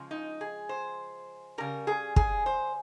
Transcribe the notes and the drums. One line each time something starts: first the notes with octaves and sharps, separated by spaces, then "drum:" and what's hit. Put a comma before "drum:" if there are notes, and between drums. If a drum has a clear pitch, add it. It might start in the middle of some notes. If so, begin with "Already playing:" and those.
Already playing: C#3 F3 G#3
D#4
G#4
C5
C#3 G3 A#4
G#4
G#4, drum: kick
C5